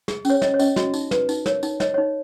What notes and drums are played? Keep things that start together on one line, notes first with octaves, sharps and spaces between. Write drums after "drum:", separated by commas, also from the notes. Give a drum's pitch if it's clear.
G#4, drum: snare
C#4 C#5, drum: tambourine
C#5 D#5, drum: snare
C#5
C#4 D#5, drum: tambourine
F#4 D#5, drum: snare
D#4, drum: tambourine
B4, drum: snare
D#4, drum: tambourine
A#4 C#5, drum: snare
D#4, drum: tambourine
C#5 D#5, drum: snare
D#4 C#5